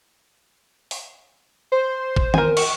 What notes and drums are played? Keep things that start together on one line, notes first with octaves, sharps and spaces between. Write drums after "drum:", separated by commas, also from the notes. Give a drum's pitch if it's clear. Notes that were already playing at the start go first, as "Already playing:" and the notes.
drum: open hi-hat
C5
drum: kick A1
A#4 G#5, drum: tom D#3
C#6, drum: cymbal